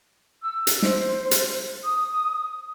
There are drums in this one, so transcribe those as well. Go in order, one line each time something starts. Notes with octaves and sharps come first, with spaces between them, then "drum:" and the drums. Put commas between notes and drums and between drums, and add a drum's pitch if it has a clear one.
E6
drum: hi-hat
C5, drum: snare
drum: hi-hat
D#6